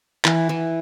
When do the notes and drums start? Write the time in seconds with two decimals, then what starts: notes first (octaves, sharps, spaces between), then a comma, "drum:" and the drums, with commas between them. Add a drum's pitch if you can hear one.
0.25 E3, drum: clap
0.49 E3